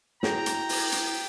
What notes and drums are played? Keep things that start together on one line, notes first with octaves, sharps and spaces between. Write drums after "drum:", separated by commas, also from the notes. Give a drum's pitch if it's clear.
E4 F#4 G#4 G5 A#5, drum: snare
drum: hi-hat
drum: open hi-hat
drum: hi-hat